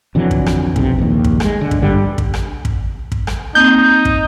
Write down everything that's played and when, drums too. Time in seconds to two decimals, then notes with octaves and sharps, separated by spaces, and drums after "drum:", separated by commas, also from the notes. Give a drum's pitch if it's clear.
0.15 F2 D3 E3 F#3
0.31 drum: kick
0.46 drum: rim click
0.76 F1 B1 C3, drum: kick
0.98 A#1 D#2
1.24 drum: kick
1.40 G#3 A3, drum: rim click
1.61 D3
1.71 drum: kick
1.82 G2 D3 G3
2.18 drum: kick
2.34 drum: rim click
2.65 drum: kick
3.12 drum: kick
3.27 drum: rim click
3.55 A#3 C4 D#4 G6
4.05 drum: kick